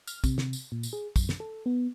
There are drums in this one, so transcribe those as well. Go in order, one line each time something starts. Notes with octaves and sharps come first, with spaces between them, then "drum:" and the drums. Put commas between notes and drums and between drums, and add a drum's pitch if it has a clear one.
F6, drum: tambourine
C3, drum: kick, tambourine
drum: snare
drum: tambourine
A#2
drum: tambourine
G#4
F#2, drum: kick, tambourine
drum: snare
A4
B3